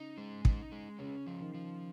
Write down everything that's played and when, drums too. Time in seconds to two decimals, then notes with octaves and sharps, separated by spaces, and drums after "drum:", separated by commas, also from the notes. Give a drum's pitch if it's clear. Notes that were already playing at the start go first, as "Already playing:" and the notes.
Already playing: C#3 D#4
0.18 G#3
0.45 D#4, drum: kick
0.72 G#3
0.99 C#3 C#4
1.27 F3
1.40 D#3
1.54 F3